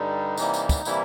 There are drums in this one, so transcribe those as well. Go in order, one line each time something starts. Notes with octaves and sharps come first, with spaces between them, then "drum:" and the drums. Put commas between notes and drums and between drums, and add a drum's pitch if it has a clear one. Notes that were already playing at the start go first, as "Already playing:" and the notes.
Already playing: G2 D3 G3 D#4
C3 E3 G3 A#3, drum: tambourine
drum: tambourine
drum: kick, tambourine
C3 E3 G3 A#3 E4, drum: tambourine